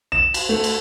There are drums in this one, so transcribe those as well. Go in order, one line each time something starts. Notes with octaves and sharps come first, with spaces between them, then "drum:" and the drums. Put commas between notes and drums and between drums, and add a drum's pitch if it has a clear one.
E7
drum: cymbal
A3
drum: cymbal